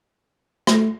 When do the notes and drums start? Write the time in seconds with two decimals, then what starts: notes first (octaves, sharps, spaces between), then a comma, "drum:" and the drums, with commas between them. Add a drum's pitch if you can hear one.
0.67 A3, drum: rim click